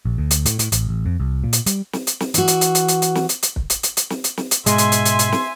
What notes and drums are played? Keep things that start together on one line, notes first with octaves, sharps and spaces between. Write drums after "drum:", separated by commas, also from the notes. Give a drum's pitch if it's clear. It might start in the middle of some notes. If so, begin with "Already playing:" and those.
A#1
D2
drum: hi-hat
A2, drum: hi-hat
A2, drum: hi-hat
A1, drum: hi-hat
A1
F2
C2
A#2
drum: hi-hat
G3, drum: hi-hat
drum: snare
drum: hi-hat
drum: snare
E3 F#4, drum: hi-hat
drum: hi-hat
drum: hi-hat
drum: hi-hat
drum: hi-hat
drum: hi-hat
drum: snare
drum: hi-hat
drum: hi-hat
drum: kick
drum: hi-hat
drum: hi-hat
drum: hi-hat
drum: snare
drum: hi-hat
drum: snare
drum: hi-hat
G#2 B2 G#3 E5 G#5 C6, drum: hi-hat
drum: hi-hat
drum: hi-hat
drum: hi-hat
drum: hi-hat
drum: snare